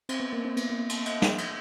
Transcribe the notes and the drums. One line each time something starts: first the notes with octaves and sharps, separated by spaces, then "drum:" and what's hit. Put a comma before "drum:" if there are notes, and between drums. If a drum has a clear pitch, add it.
C4, drum: cymbal
B3
A#3
C4
B3, drum: cymbal
A#3
drum: cymbal
drum: cymbal
drum: snare
drum: cymbal